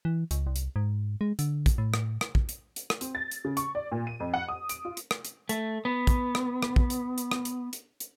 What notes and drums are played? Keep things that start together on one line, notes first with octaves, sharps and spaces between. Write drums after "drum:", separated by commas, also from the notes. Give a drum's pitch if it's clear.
E3
C#2, drum: hi-hat
C2
drum: hi-hat
G#2
G#3
D3, drum: hi-hat
drum: kick, hi-hat
A2
drum: rim click
drum: rim click
drum: kick
drum: hi-hat
drum: hi-hat
drum: rim click
C4, drum: hi-hat
A6
drum: hi-hat
C#3
C#6, drum: hi-hat
D5
A#2
D#7
F2
F#5
D#6
D7, drum: hi-hat
F4
drum: hi-hat
drum: rim click
drum: hi-hat
A3, drum: hi-hat
B3
drum: kick, hi-hat
drum: rim click
drum: rim click
drum: kick
drum: hi-hat
drum: hi-hat
drum: rim click
drum: hi-hat
drum: hi-hat
drum: hi-hat